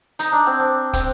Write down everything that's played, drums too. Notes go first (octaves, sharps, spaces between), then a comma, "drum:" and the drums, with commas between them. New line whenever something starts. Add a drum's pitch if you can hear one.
D#4, drum: hi-hat
D4
C4
D4
C4, drum: kick, hi-hat